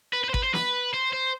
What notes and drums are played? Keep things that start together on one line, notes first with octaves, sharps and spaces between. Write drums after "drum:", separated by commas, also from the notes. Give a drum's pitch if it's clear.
B4
B4
C5
B4, drum: kick G#1
C5
B4, drum: snare
C5
C5